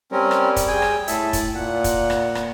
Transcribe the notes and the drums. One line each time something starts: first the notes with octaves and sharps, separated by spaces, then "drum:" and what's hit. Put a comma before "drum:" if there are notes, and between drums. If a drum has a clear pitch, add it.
G3 C4 C#4 A#4
drum: rim click
drum: kick, hi-hat
G#4 G5 G#5
drum: rim click
A2 A4 E5, drum: hi-hat
drum: kick, hi-hat
A#2 F#5
drum: kick, hi-hat
drum: rim click
drum: rim click